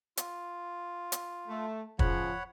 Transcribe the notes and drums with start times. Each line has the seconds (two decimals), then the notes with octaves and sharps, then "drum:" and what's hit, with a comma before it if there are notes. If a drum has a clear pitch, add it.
0.17 F4, drum: hi-hat
1.12 drum: hi-hat
1.48 A3
1.99 C#3 F3 C#5 F#5 B5, drum: kick